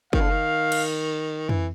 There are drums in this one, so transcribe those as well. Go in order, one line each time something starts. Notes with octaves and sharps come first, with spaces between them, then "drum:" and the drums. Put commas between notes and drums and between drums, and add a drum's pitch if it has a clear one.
D#3 F5, drum: kick
D3
D#3
drum: cymbal
E3, drum: tom F2